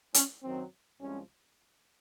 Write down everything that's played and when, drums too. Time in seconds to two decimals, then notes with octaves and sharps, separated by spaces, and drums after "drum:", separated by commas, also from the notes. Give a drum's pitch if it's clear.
0.14 C#4, drum: hi-hat
0.43 F#2 D#3 F#3 C4
1.00 C2 C3 F3 G#3 C#4